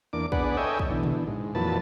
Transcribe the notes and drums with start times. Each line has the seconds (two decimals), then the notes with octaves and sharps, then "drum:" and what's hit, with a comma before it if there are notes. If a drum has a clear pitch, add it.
0.13 E2 A#3 D4 D6
0.32 B3 D4 G#4 B4 D5 F#5, drum: kick
0.57 A4 C#5 D#5 E5 G5 G#5
0.79 drum: kick
0.90 B2 D3 E3
1.03 drum: tom
1.27 G#2
1.55 F2 A#2 E3 F#3 B4 A5